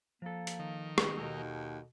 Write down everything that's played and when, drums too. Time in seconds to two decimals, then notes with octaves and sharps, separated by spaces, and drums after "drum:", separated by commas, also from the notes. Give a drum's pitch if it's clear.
0.22 F3 A#3 A4
0.47 drum: hi-hat
0.59 D#3
0.98 C#3, drum: rim click
1.17 D#2 B2 A4 A#5